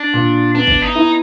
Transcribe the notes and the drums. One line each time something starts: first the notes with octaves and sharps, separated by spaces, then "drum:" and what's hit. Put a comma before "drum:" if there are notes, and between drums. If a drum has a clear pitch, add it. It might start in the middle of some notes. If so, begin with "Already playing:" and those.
Already playing: D4
A#2
B3 D4
drum: kick
D#4
E4